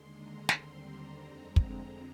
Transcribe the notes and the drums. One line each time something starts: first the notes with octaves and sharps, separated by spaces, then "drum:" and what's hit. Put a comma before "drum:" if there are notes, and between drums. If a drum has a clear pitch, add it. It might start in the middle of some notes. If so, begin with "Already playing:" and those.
Already playing: D#2 D3 G#3 C6
A#5
D#2 D3 G3 C4 C6, drum: snare
A#5
F2 D3 G#3 C4
drum: kick